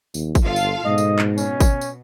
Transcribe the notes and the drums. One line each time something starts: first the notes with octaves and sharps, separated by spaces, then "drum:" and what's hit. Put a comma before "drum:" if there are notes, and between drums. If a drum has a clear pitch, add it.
D#2, drum: tambourine
drum: kick, tambourine
G1 F4 A4 F5
drum: tambourine
G#2 B2 D#5
drum: tambourine
drum: clap
C#4, drum: tambourine
drum: kick, tambourine
drum: tambourine